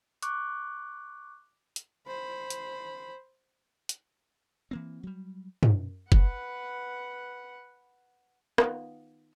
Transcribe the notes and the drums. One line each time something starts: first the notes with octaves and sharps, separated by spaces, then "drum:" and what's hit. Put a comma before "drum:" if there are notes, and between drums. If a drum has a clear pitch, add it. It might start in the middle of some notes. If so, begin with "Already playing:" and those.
C#6 D6 F#6, drum: hi-hat
drum: hi-hat
C5 B5
drum: hi-hat
drum: hi-hat
E3 A#3 C4
F#3 G3
B2, drum: tom
B4 F#5, drum: kick F#1
D#3 B3 F4, drum: rim click